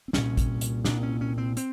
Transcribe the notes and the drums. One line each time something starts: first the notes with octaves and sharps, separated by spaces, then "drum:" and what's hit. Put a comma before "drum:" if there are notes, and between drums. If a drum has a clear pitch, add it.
C4
C2 A#2 C#4, drum: snare
drum: kick A1, hi-hat
drum: hi-hat
C2 A#2 D4, drum: snare
C#4
C#4
C4
C4, drum: hi-hat